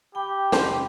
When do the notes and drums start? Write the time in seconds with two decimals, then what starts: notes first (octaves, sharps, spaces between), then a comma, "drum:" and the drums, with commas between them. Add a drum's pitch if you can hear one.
0.15 G4 G5 B5
0.52 C#4 C5 A5, drum: snare G#3